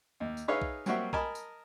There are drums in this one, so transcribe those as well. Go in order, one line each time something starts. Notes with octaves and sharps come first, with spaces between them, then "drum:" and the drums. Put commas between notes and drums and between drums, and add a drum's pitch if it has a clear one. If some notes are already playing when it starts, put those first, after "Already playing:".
D#2
drum: tambourine
D#4 G#4 B4 C#5 E5 F5
drum: kick B1
F#3 G3 A#3 C4 F#4 E5, drum: tambourine
A#4 D#5 G#5 A5 B5, drum: kick B1
drum: tambourine